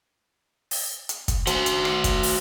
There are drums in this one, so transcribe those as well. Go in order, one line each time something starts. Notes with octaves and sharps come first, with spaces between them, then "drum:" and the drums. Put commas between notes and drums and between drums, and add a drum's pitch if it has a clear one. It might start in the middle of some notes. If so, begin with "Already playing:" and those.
drum: open hi-hat
drum: hi-hat
drum: kick, hi-hat
F#4 C5, drum: hi-hat
drum: hi-hat
drum: rim click
drum: kick, hi-hat
drum: open hi-hat